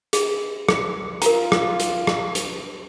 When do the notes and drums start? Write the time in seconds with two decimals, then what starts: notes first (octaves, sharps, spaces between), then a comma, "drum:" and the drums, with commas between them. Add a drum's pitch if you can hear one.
0.13 G#4, drum: hi-hat
0.69 drum: rim click
1.22 F4 A#4 A#5, drum: hi-hat
1.52 drum: rim click
1.80 drum: hi-hat
2.07 drum: rim click
2.35 drum: hi-hat